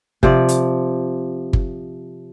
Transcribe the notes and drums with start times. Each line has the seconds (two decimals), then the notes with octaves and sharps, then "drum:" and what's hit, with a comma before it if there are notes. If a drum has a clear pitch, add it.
0.23 C3 F3 D5, drum: kick G1
0.49 drum: hi-hat
1.53 drum: kick G1